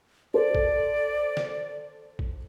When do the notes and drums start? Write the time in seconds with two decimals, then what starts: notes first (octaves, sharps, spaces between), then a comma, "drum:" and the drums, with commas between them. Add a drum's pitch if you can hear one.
0.34 A4 C5 D5
0.55 drum: kick
1.37 drum: snare
2.19 drum: kick